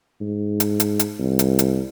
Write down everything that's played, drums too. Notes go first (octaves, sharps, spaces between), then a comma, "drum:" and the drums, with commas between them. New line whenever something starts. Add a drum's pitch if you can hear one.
G#2
drum: hi-hat
drum: hi-hat
drum: hi-hat
C2
drum: hi-hat
drum: hi-hat